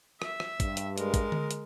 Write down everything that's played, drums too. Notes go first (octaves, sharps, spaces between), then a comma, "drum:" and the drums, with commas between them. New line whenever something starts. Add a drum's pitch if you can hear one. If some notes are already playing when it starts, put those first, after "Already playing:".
E5, drum: rim click
drum: rim click
G2, drum: kick, hi-hat
drum: hi-hat
G#3 A#4, drum: hi-hat
drum: kick, hi-hat
drum: tom D3
drum: hi-hat